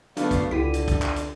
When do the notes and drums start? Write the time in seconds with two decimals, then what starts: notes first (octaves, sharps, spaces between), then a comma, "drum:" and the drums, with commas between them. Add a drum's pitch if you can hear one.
0.17 D2 F#3 A3 B3 D4 D5 F5, drum: hi-hat
0.31 drum: kick, hi-hat
0.51 C#2 D3 E4 G4 B6 D#7
0.74 drum: hi-hat
0.88 drum: kick, hi-hat
1.02 drum: clap
1.16 drum: hi-hat